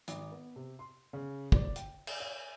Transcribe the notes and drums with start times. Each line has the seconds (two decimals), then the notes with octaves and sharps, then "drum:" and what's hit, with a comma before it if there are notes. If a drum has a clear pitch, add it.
0.08 G#1, drum: hi-hat
0.32 B3
0.56 C3
0.79 C6
1.13 C#3
1.52 D5, drum: kick
1.76 G5, drum: hi-hat
2.07 drum: cymbal
2.20 C#5